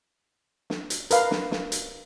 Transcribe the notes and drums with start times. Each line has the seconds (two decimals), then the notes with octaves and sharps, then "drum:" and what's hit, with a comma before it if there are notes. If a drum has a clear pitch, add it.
0.70 drum: snare
0.90 drum: hi-hat
1.11 A#4 B4 F5, drum: hi-hat
1.31 drum: snare
1.51 drum: snare
1.72 drum: hi-hat